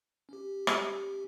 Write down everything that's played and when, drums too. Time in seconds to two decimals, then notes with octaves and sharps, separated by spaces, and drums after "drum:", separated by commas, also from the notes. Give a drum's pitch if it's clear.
0.29 C#4 G4
0.67 drum: rim click